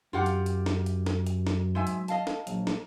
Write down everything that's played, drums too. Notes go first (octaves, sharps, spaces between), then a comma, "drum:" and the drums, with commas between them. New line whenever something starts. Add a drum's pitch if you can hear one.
F#2 F#3 F4 G4 F#5
drum: hi-hat
drum: hi-hat
drum: snare
drum: hi-hat
drum: snare
drum: hi-hat
drum: snare
G#2 E5 G#5
drum: hi-hat
D#5 F5 A5, drum: hi-hat
drum: snare
A#1 F#3, drum: hi-hat
drum: snare